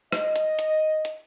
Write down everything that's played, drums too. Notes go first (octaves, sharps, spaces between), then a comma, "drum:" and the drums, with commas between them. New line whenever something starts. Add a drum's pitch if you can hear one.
D#5, drum: rim click
drum: hi-hat
drum: hi-hat
drum: hi-hat